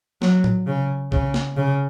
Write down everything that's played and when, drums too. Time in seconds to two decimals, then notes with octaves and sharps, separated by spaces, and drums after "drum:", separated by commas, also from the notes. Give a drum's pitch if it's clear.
0.22 F#3, drum: snare
0.44 drum: tom A2
0.67 C#3
1.12 C#3, drum: kick
1.34 drum: snare
1.57 C#3